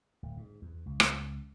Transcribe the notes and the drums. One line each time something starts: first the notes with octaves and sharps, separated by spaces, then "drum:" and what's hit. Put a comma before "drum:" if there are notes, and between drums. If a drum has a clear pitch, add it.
D1
G#2
E2
C#2
drum: rim click